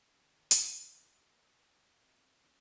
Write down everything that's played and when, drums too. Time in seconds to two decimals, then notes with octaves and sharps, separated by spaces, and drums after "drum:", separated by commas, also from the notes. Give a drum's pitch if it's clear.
0.18 D#3 F3 A#4 C#5
0.51 drum: hi-hat
0.97 A#3 B4 D#5 F#5 E6
1.45 B4 D#5 G#5 D#6 E6
2.03 C4 F4 D#5 G5
2.44 E3 A#3 C#4 F#4 C#5